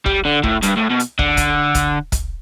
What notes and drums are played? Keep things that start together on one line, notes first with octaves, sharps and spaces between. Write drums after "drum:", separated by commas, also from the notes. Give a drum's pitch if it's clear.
G3, drum: kick
D3
A2, drum: kick
G2, drum: hi-hat
A2
B2
drum: hi-hat
D3, drum: kick
drum: kick, hi-hat
drum: kick, hi-hat
drum: kick, hi-hat